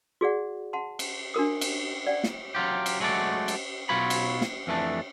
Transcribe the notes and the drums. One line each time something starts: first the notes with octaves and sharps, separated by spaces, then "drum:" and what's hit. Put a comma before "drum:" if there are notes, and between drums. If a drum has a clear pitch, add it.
F#4 G#4 D5 F#5
F#5 A5 C6
drum: cymbal
D4 F#4 A#4 D#6
drum: cymbal
D5 F#5 G5
drum: snare
F#3 F4 G4
drum: cymbal
F#3 G#3 A3 F#4 D5
drum: cymbal
B1 F#3 F4 C#5 B5
drum: cymbal
drum: snare
F2 E3 A3 D4